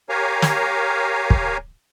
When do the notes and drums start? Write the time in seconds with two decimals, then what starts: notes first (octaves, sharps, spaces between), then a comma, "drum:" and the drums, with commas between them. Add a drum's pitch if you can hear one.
0.09 G4 A#4 C#5 F5 G#5 A#5
0.42 drum: snare
1.30 drum: kick